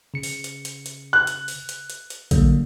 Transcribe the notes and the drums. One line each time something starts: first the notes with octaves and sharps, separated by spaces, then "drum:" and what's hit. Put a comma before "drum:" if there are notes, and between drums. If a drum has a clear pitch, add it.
C#3 C#7
drum: open hi-hat
drum: hi-hat
drum: hi-hat
drum: hi-hat
F#6
drum: hi-hat
drum: open hi-hat
drum: hi-hat
drum: hi-hat
drum: hi-hat
D3 F#3 G3 A#3, drum: kick, hi-hat